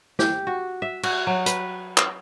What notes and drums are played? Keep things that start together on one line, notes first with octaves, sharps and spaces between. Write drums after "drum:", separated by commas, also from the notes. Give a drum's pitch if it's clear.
G4, drum: snare
F#4
E5
F#4, drum: cymbal
F#3
B4, drum: hi-hat
drum: clap